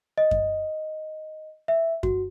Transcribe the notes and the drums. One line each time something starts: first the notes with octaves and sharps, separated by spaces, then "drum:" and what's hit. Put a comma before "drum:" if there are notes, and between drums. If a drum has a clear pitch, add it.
D#5
drum: kick F#2
E5
F#4, drum: kick F#2